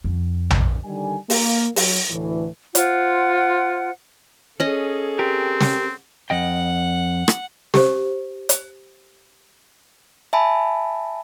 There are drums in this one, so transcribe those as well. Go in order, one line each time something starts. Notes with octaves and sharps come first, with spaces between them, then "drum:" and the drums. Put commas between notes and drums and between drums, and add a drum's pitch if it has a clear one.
F2
drum: tom A#1
D3 D#3 G3 G#5
A#3, drum: open hi-hat
F#3, drum: open hi-hat
D2 A2 E3
F4 C5 F#5, drum: hi-hat
C#4 G#4 A4 D#5
C4 G4 A#4
drum: snare
F2 D#5 F#5 G5
drum: rim click
G4 C5, drum: snare
drum: hi-hat
E5 G#5 A5 B5